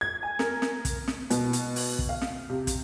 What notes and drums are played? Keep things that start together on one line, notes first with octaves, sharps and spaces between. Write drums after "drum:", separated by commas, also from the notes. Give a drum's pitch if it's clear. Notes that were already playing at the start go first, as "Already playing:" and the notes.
G#6
G#5
A#4, drum: snare
drum: snare
drum: kick, hi-hat
drum: snare
B2, drum: hi-hat
drum: hi-hat
drum: open hi-hat
drum: kick
F5
drum: snare
C3
drum: kick, hi-hat